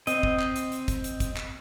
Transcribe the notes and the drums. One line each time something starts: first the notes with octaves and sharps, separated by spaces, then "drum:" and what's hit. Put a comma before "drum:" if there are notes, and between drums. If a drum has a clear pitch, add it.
C4 D#5, drum: hi-hat
drum: kick
drum: clap
drum: hi-hat
drum: hi-hat
drum: kick, hi-hat
drum: hi-hat
drum: kick, hi-hat
drum: clap